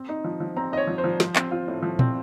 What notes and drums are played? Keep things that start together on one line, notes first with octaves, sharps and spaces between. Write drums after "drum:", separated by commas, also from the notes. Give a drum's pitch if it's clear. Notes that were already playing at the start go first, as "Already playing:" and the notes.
Already playing: C4
D#4
F3
F3
C4 A#5
D#4 D#5
C#5
F3
C5
F3
F3, drum: snare
C4, drum: clap
F4
A2
F3
C4, drum: tom A#2